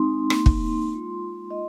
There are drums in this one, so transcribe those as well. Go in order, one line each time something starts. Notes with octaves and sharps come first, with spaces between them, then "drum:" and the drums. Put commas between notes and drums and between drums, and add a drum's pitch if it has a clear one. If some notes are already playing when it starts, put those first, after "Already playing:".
Already playing: G#3 C4 D#4 C6
A#3 D#4, drum: rim click
drum: kick
G#3 F4
D#5